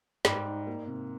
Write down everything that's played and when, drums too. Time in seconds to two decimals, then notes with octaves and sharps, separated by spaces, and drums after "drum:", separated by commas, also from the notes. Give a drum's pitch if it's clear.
0.25 G#2 G3, drum: snare
0.46 D#4
0.67 A#3
0.87 C3